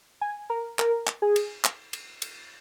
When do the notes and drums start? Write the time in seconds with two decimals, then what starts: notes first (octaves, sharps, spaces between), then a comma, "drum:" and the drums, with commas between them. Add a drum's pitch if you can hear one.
0.21 G#5
0.50 A#4
0.79 A#4, drum: clap
1.07 drum: clap
1.22 G#4
1.36 drum: cymbal
1.65 drum: clap
1.93 drum: cymbal
2.22 drum: cymbal